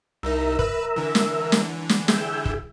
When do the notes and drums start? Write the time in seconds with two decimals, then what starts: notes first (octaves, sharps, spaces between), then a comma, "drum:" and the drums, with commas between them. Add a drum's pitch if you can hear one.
0.23 C2 D#4 A#4 E5
0.59 B4, drum: kick
0.96 D3 E3
1.15 drum: snare
1.52 drum: snare
1.89 drum: snare
2.08 G#4 E5 G5, drum: snare
2.45 drum: kick